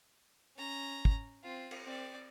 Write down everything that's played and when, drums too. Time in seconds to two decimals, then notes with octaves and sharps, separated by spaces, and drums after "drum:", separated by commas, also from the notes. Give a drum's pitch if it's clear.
0.56 C#4 A#5
1.05 drum: kick
1.43 C4 F4
1.71 drum: cymbal
1.85 C4 D5